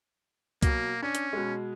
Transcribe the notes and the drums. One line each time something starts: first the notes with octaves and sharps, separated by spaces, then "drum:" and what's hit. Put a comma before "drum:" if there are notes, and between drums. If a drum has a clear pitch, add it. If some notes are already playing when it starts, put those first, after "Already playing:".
B2 F#3 A#3, drum: kick C2, hi-hat
C#4 D4
drum: hi-hat
B2 G#3